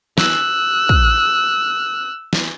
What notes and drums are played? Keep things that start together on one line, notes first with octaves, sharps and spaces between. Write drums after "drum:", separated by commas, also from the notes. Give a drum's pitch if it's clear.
E6 F#6, drum: snare
drum: kick
drum: snare